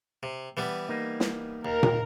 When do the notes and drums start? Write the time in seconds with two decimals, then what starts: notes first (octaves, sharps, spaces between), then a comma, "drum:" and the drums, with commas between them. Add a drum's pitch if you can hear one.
0.23 C3
0.57 E3 G3 B3
0.89 A#3 D#4
1.20 drum: snare
1.65 D#2 A#4
1.83 drum: tom